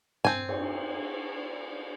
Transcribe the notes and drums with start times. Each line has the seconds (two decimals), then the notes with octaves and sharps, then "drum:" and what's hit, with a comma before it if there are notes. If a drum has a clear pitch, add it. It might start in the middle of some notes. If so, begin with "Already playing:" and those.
0.25 C4 G#5, drum: tom G2
0.49 drum: cymbal